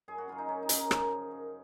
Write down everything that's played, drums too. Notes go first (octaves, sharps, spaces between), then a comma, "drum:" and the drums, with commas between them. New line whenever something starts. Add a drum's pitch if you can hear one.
F#2 G#4
F#4
C#3 F#3 F4
D#4
F#2 C#4
D#4
C#3 F#3, drum: hi-hat
A#4
F#2, drum: rim click
F3
F#2